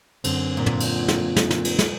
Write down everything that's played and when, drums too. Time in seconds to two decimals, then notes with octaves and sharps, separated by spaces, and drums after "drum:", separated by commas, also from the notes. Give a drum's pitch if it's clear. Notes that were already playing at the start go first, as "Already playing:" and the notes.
0.24 F#2 D3 C4, drum: cymbal
0.57 A#2
0.66 drum: tom
0.80 drum: cymbal
1.08 drum: snare
1.36 drum: snare
1.50 drum: snare
1.65 drum: cymbal
1.79 drum: snare